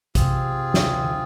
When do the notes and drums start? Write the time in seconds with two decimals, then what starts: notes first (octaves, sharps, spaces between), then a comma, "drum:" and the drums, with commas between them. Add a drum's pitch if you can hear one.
0.15 C3 C4 F4 G#4, drum: kick, hi-hat
0.74 drum: snare
1.04 D3